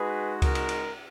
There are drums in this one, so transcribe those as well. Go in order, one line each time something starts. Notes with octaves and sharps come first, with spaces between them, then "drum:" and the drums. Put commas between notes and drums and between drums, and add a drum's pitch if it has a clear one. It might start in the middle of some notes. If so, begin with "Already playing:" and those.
Already playing: G#3 D#4 F#4 G#4 B4
A#4, drum: kick C#2, cymbal
drum: cymbal
drum: cymbal